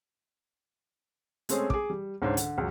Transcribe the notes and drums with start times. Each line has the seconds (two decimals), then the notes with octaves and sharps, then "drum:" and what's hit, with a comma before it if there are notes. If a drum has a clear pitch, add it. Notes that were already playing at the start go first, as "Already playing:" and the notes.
1.49 G#3 A3 C4 C#4 G#4, drum: hi-hat
1.70 G#4 D6, drum: kick
1.90 G3
2.22 C#2 G#2 C#4 D4 C5
2.37 D3, drum: hi-hat
2.58 C#2 F#2